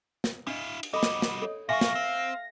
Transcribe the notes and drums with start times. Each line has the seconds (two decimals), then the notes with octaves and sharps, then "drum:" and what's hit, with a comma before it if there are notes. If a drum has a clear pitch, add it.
0.24 drum: snare
0.47 D4 E4 D#5 F5
0.83 drum: cymbal
0.93 G3 F#4 A4 D#5 B5
1.03 drum: snare
1.22 drum: snare
1.42 A4 C#5
1.69 A#2 F#3 E5 F5 G#5 A#6
1.81 drum: snare
1.95 C4